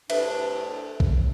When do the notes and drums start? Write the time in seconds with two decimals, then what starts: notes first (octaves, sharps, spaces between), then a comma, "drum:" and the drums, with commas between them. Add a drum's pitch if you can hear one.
0.10 C2 A2 D4 B4 E5, drum: cymbal
1.00 drum: kick B1